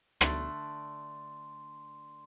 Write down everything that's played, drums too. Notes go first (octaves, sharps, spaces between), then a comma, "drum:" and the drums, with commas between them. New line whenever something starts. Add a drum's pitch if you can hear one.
D3 A3 D4 C6, drum: rim click